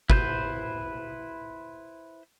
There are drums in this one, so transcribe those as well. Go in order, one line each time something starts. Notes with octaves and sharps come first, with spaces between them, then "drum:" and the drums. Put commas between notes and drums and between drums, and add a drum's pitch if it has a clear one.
E4 B4 C5 G6, drum: kick G1